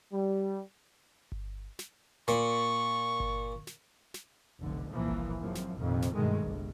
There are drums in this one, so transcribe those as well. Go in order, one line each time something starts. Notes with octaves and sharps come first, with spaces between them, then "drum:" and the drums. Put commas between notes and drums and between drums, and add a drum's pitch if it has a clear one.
G3
drum: kick G1
drum: snare
A#2 C#6, drum: snare
drum: kick G1
drum: snare
drum: snare
F1 B1 D3
C2 A#2 E3 F3 A#3
drum: kick G1
G#1 F#2 C3 F3
drum: snare
F1 A#1 F2 C3 D#3
drum: snare
G2 B2 D#3 G#3 A3
G1 C2 G2